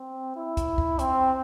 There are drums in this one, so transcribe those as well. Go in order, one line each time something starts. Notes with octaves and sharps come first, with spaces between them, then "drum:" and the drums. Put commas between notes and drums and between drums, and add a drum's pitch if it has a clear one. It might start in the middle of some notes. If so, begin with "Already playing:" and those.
Already playing: C4
E4
drum: kick, hi-hat
drum: kick
C4, drum: hi-hat